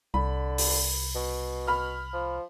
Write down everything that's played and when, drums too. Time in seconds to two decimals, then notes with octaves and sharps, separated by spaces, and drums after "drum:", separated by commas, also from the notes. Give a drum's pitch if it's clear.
0.14 C2 D3 B5
0.58 drum: open hi-hat
1.15 B2
1.67 B5 F6
2.13 F3